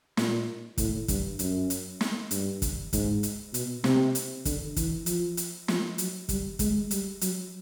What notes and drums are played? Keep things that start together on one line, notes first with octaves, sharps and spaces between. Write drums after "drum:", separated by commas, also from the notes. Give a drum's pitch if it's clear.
A#2, drum: snare
A2, drum: kick, hi-hat
G2, drum: kick, hi-hat
F#2, drum: hi-hat
drum: hi-hat
drum: snare
G2, drum: hi-hat
drum: kick, hi-hat
G#2, drum: kick, hi-hat
drum: hi-hat
B2, drum: hi-hat
C3, drum: snare
drum: hi-hat
D3, drum: kick, hi-hat
E3, drum: kick, hi-hat
F3, drum: hi-hat
drum: hi-hat
F3, drum: snare
F#3, drum: hi-hat
G3, drum: kick, hi-hat
G#3, drum: kick, hi-hat
G3, drum: hi-hat
F#3, drum: hi-hat